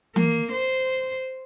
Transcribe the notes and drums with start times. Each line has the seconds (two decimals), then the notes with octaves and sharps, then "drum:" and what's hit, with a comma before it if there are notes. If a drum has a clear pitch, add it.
0.16 A#3, drum: tom E3
0.52 C5